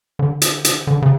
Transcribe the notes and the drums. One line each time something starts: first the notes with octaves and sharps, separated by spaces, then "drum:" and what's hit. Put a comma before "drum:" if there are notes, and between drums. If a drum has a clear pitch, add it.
D3
drum: hi-hat
drum: hi-hat
D3
C#3